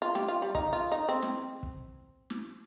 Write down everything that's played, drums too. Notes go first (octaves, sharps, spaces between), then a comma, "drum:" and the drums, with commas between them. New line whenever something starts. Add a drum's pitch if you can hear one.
F4
G4, drum: snare
F4
G3
D#4, drum: kick
F4
D#4
C4
drum: snare
drum: kick
drum: snare